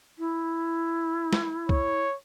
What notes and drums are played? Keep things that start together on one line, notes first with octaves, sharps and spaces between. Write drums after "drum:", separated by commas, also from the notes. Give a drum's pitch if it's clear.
E4
drum: snare
C#5, drum: kick